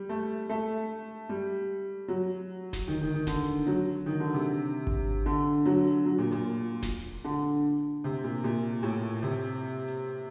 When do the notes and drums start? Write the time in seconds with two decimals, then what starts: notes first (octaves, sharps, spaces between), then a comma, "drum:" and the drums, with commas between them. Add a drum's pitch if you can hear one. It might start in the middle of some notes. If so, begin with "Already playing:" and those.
Already playing: G3
0.09 A3
0.49 A3
1.29 G3
2.08 F#3
2.73 drum: snare E1
2.88 D#3
3.01 D#3
3.14 D#3
3.27 D3, drum: snare E1
3.67 F#3
4.06 D#3
4.20 D3
4.34 C3
4.87 drum: kick G#1
5.26 D3
5.65 F#3
6.05 F#3
6.18 A#2
6.32 A#2, drum: hi-hat
6.83 drum: snare E1
7.24 D3
8.04 C3
8.24 A#2
8.44 A#2
8.83 A2
9.22 C3
9.88 drum: hi-hat